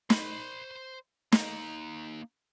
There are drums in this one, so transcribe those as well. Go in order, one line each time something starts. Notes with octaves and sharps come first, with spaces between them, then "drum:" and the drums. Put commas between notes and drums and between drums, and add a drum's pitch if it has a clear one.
C5 B5, drum: snare
A#3 D#4, drum: snare